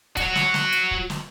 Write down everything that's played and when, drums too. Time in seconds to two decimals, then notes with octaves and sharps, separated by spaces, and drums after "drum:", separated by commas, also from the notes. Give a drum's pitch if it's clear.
0.17 F#4 C#5, drum: kick, hi-hat
0.35 drum: snare
0.54 drum: snare
0.73 drum: hi-hat
0.91 drum: kick
1.10 drum: snare